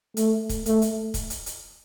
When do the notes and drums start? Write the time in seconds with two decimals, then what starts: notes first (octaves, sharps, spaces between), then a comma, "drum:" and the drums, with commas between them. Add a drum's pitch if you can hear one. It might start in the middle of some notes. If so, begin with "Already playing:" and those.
0.17 A3, drum: hi-hat
0.49 drum: kick, hi-hat
0.66 A3, drum: hi-hat
0.82 drum: hi-hat
1.14 drum: kick, hi-hat
1.30 drum: hi-hat
1.46 drum: hi-hat